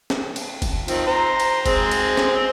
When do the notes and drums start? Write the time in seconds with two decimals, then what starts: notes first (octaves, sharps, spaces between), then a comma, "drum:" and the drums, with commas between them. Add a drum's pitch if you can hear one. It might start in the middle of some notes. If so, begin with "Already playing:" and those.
0.10 drum: snare
0.36 drum: cymbal
0.62 drum: kick, cymbal
0.88 D#3 F3 C4, drum: cymbal
1.07 C5 A#5
1.40 drum: cymbal
1.66 G#3 C4, drum: kick, cymbal
1.91 drum: cymbal
2.17 drum: snare